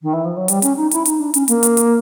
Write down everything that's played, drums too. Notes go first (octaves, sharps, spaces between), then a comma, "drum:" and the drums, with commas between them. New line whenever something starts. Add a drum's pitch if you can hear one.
D#3
E3
F3
F#3
G3, drum: hi-hat
C#4, drum: hi-hat
D#4
E4, drum: hi-hat
D#4, drum: hi-hat
D4
C#4, drum: hi-hat
A#3, drum: hi-hat
drum: hi-hat
drum: hi-hat